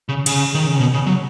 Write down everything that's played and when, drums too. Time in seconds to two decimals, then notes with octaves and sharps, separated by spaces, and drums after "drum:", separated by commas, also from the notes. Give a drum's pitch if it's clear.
0.09 C#3
0.26 C#3, drum: cymbal
0.54 D#3
0.67 C#3
0.80 B2
0.94 C#3
1.06 F#3